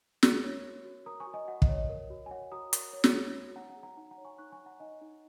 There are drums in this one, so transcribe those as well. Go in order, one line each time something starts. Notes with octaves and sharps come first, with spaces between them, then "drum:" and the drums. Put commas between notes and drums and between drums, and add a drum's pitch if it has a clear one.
A#4 C#6 F#6, drum: snare
C#5
F#4
F#4
A#4 A#5 D#6
G#5 C#6
F#4
D#5 G#5
F#4 F#5
D#5, drum: kick
C#5
D#5
A#4
F#4
G#5
C#5 F#5
F#4 A#5 D#6
A#4, drum: hi-hat
C#5
drum: snare
C#5
F#4
D#4 F#5 A#5
F#5 A#5
G#4
F#5 A#5
D#4 F#5 A#5
F#5 A#5
C#5
G#5 C#6
D#4 C#6 F#6
G#5 C#6
D#4
F#5 A#5
D#4 D#5 G#5
D#4